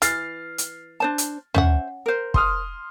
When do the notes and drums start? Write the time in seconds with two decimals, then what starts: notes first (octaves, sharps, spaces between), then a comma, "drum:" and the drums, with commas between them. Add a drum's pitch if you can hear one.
0.02 E3 F6 A6 C7, drum: hi-hat
0.58 drum: hi-hat
1.00 D4 C5 A5
1.18 drum: hi-hat
1.54 C#4 C5 E5 F#5, drum: tom
2.06 A#4 C5
2.34 C6 D#6 F6, drum: kick